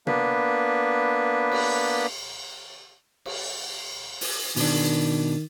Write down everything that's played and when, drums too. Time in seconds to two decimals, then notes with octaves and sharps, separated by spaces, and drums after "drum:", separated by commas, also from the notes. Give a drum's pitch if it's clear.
0.07 A#3 B3 D4 B4, drum: tom
1.52 drum: cymbal
3.26 drum: cymbal
4.21 drum: open hi-hat
4.56 B2 D#3 D4, drum: open hi-hat